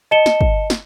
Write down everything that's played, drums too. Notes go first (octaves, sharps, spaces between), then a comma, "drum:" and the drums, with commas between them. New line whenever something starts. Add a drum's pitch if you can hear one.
D#5 A5 C#7 E7 G7
drum: snare
drum: kick
drum: snare